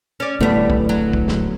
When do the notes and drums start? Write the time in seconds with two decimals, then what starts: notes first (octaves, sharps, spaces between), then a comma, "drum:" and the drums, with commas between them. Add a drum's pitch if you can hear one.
0.20 C#4 D5
0.41 D1 A2 G3 A3 B3
0.70 drum: kick
0.89 F#3
1.13 drum: kick
1.28 drum: snare